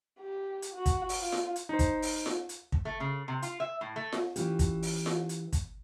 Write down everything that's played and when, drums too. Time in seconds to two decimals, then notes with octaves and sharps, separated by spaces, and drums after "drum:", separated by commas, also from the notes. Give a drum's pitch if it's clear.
0.20 G4
0.62 drum: hi-hat
0.75 F#4
0.86 drum: kick, hi-hat
1.09 drum: open hi-hat
1.19 F4
1.32 drum: snare F4
1.56 drum: hi-hat
1.69 D#4 C5
1.79 drum: kick, hi-hat
2.02 drum: open hi-hat
2.26 drum: snare F4
2.49 drum: hi-hat
2.72 drum: kick
2.85 A3
3.00 C#3
3.28 C3
3.42 F4, drum: hi-hat
3.60 E5
3.81 A2
3.96 A3
4.12 drum: snare F4
4.36 E3 C#4 F4 G4, drum: hi-hat
4.59 drum: kick, hi-hat
4.83 drum: open hi-hat
5.06 drum: snare F4
5.29 drum: hi-hat
5.53 drum: kick, hi-hat